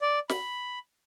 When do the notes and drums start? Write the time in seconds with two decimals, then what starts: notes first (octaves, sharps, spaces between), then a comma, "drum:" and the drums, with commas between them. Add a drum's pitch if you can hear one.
0.01 D5
0.29 B5, drum: snare